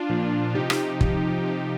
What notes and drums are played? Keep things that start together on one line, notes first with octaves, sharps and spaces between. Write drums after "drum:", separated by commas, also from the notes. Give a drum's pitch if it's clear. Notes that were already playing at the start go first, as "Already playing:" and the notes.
Already playing: D4 F4
A#2 F3
C3 F3 D#4 G4
drum: rim click
C3 F3, drum: kick
C3 F3 D#4 G4